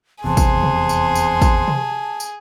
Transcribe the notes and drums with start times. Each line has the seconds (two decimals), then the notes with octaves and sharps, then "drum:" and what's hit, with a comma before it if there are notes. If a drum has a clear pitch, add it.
0.24 F1 E2 C3 G#4 C5 F#5 A5 C6
0.37 drum: kick, tambourine
0.63 drum: tom C3
0.89 drum: tambourine
1.15 drum: tambourine
1.42 drum: kick, tambourine
1.68 drum: tom C3
2.20 drum: tambourine